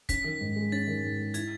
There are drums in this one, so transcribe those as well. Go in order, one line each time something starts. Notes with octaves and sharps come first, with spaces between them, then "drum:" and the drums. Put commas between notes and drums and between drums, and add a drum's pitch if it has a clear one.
C#4 B6, drum: kick, hi-hat
D#3
G#2
G#3
C#4 A6
D#3
G#2
G#3
E4 G#6, drum: hi-hat